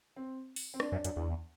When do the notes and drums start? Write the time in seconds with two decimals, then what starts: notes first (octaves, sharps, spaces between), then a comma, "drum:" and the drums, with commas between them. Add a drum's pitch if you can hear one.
0.16 C4
0.56 drum: open hi-hat
0.74 C4
0.80 D4, drum: rim click
0.92 F#2
1.05 F#2, drum: hi-hat
1.16 E2